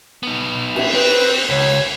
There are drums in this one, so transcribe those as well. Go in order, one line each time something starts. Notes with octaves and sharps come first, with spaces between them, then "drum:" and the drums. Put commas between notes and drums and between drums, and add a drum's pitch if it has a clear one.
B3 D#4
E5, drum: cymbal
C4 B4
C#2 C#5